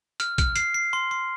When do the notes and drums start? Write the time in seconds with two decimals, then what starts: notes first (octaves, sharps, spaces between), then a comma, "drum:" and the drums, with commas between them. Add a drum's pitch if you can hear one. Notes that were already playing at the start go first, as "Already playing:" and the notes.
0.20 F6, drum: hi-hat
0.38 F6, drum: kick A#1, hi-hat
0.56 C7, drum: hi-hat
0.74 C7
0.93 C6
1.11 C6